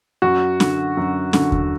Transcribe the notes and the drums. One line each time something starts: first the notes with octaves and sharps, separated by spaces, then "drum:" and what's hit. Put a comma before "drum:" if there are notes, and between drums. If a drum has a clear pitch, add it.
F#2 F#4
D3, drum: snare C#4
F#2
D3, drum: snare C#4
drum: kick D#2